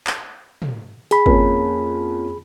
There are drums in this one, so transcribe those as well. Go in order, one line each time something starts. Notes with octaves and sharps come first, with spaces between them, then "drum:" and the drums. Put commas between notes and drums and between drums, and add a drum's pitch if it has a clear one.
drum: clap
drum: tom
G#4 B5, drum: hi-hat
F2 A#3 C#4, drum: kick